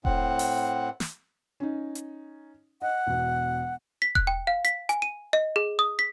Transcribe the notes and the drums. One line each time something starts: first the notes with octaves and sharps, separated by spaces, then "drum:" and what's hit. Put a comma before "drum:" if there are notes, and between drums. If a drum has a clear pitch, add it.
A2 C4 F#5, drum: kick E1
drum: open hi-hat
drum: snare
C#4 D#4
drum: hi-hat
D#5 F#5
E1 B2
B6
F#6, drum: kick E1
G5
F5
B6, drum: hi-hat
G#5, drum: hi-hat
D#7
D#5
G#4
D#6
B6